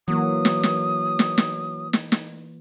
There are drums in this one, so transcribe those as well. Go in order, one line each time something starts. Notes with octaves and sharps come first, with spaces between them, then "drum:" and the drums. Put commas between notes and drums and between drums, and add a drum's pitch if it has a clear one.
E3 F#3 A#3 D#6
drum: snare
drum: snare
drum: snare
drum: snare
drum: snare
drum: snare